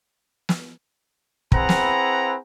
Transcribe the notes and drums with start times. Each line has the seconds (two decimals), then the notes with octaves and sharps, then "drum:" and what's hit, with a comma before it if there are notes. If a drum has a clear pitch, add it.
0.49 drum: snare
1.52 C4 E4 G#4 B4 F#5 A#5, drum: kick
1.69 drum: snare